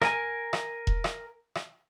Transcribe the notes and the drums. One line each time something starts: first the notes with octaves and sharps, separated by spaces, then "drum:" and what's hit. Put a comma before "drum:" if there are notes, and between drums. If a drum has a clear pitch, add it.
A#4 G#5, drum: rim click
drum: rim click
drum: kick E1
drum: rim click
drum: rim click